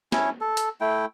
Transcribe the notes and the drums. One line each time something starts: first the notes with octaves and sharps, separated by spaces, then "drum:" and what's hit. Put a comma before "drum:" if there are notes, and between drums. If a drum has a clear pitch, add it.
C#4 E4 C#5, drum: snare
A4
drum: hi-hat
A3 E4 G5